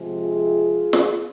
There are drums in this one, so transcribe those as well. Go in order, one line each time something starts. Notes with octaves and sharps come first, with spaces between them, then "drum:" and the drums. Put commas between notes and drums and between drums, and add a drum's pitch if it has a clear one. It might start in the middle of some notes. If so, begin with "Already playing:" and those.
Already playing: C3 F3 G#3
F4 G#4
drum: snare